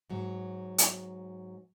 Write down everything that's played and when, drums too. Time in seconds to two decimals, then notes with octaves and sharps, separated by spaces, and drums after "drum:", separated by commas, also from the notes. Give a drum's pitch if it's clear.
0.10 G#2 F#3
0.78 drum: hi-hat